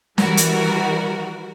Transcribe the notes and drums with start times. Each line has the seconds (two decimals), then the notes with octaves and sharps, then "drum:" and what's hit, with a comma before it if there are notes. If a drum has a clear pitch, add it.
0.18 E3 G3 F#4 A#4, drum: snare
0.37 drum: hi-hat